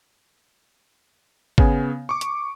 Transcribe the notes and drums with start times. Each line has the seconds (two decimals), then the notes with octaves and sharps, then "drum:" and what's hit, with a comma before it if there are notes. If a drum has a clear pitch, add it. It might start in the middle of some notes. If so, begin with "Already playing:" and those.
1.58 C#3 B3 G#5, drum: kick
2.09 C#6 D6
2.21 drum: hi-hat